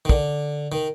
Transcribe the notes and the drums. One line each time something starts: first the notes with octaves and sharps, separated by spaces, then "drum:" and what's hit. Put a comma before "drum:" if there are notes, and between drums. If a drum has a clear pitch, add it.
D#3
D3, drum: kick
D#3